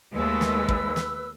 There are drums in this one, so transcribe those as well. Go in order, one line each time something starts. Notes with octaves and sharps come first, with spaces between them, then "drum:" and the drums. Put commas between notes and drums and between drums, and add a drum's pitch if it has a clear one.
D#2 G#3 A3 B4 E6
drum: snare
drum: kick
drum: snare